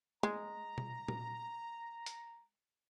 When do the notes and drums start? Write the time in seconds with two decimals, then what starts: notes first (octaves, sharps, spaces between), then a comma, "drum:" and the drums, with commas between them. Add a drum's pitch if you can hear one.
0.23 G#3 A#5, drum: tom G#3
0.78 drum: tom B2
1.08 drum: tom A#2
2.06 drum: hi-hat